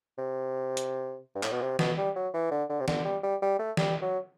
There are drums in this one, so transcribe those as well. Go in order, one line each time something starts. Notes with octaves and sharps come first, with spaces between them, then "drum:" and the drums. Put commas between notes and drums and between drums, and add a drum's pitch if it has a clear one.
C3
drum: hi-hat
G2
A2, drum: clap
B2
C3
B2, drum: snare
G3
F#3
E3
D3
D3
C3
D3, drum: snare
G3
G3
G3
A3
G3, drum: snare
F#3